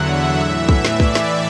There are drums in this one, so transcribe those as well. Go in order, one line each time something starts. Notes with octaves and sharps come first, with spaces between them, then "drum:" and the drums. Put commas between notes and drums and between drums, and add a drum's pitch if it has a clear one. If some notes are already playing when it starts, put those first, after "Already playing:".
Already playing: E2 D3 F#3 E5 F#5
A2 E3 E5
drum: kick
D5, drum: snare
drum: kick
drum: snare